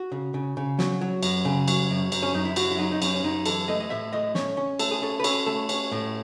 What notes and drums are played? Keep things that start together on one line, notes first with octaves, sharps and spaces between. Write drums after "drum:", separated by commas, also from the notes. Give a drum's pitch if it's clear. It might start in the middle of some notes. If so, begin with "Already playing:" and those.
Already playing: F#4
C#3
C#3
C#3
F#3, drum: snare
F#3
F#2, drum: cymbal
C#3
F#3, drum: cymbal
F#2
F#2, drum: cymbal
C#4
F#2 D#4
E4
F#3 F#4, drum: cymbal
E4
F#3 D#4
D#4
F#2 C#4, drum: cymbal
C#4
F#2 D#4
E3 A4, drum: cymbal
A3 D#5
D#5
A2 E5
A3 D#5
C#4 C#5, drum: snare
C#4
A3 A4, drum: cymbal
G#4
C#4 A4
B4
C#4 A4, drum: cymbal
A3 A4
C#4, drum: cymbal
A2